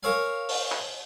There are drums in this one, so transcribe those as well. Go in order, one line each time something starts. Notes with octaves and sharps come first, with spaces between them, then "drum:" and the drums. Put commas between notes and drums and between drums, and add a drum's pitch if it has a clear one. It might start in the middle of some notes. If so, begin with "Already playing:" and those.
A#4 C#5 E5 F5 G#5
drum: open hi-hat
drum: clap